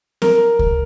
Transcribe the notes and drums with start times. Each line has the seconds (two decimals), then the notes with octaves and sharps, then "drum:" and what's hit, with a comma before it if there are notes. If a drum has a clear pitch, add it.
0.22 A#4, drum: snare
0.59 drum: kick C#2